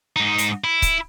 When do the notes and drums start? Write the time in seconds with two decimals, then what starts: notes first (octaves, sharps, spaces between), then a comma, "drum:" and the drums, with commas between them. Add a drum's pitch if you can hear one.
0.16 G#2 D#4
0.38 drum: hi-hat
0.64 E4
0.82 drum: kick C#1, hi-hat